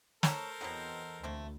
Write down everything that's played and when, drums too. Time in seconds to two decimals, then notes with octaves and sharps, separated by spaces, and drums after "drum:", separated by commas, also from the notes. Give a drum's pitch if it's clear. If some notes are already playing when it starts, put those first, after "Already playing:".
0.23 A4 A#4 C5 C#5 A5 A#5, drum: snare
0.61 E2 B2 F#3 C4 D#5 F#5 A#5
1.23 D2 A3 A#3 C4